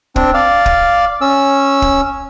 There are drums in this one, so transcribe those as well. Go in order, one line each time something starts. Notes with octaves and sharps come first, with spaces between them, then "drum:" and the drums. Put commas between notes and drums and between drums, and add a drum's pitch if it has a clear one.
C4 D4, drum: kick
D5 F5
drum: kick
C#4 E6
drum: kick